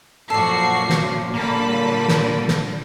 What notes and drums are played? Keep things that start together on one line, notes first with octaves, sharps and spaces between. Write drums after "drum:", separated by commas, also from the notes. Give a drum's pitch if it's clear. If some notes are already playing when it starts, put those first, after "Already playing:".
F#2 A#2 F3 F#4 A4 D5 C7
drum: snare
A#2 D3 G3 A#3 A5 B5
drum: snare
drum: snare